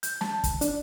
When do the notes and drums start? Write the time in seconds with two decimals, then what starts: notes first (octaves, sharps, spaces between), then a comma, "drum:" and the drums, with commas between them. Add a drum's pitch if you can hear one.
0.03 G6, drum: hi-hat
0.21 A5, drum: snare
0.44 drum: kick, hi-hat
0.61 D4, drum: hi-hat